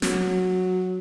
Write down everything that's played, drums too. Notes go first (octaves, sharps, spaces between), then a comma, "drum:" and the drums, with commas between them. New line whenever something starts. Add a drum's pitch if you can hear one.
F#3, drum: snare